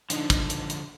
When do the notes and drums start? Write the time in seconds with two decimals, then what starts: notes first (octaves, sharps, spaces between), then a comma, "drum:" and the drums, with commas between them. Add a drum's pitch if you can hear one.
0.10 D3 F3 D4 D#4 D#5, drum: hi-hat
0.30 drum: kick, hi-hat
0.50 drum: hi-hat
0.70 drum: hi-hat